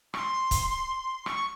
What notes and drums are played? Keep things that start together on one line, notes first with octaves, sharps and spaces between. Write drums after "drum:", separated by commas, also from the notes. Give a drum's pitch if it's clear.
C#6, drum: rim click
C6
drum: kick, hi-hat
C#6, drum: rim click